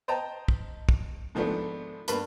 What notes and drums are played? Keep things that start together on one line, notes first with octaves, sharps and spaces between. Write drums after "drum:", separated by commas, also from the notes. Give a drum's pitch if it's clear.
C5 D#5 G5 A5 A#5
drum: kick
drum: kick
G#2 D#3 F3 A3 B3 D4
G2 A#3 B4 B5, drum: hi-hat